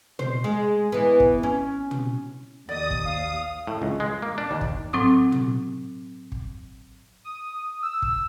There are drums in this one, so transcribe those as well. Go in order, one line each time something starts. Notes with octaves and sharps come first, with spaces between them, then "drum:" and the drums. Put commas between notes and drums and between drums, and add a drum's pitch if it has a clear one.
C5, drum: tom
G#3
E3 B3
drum: kick
C#4
drum: tom
D#2 D5 D#5 D#6
drum: kick
F5
A2
C#2
G#3
A#3
D4
D#2
drum: kick
A2 F#3 C4 D6 D#6
drum: tom
drum: kick
D#6
E6
drum: kick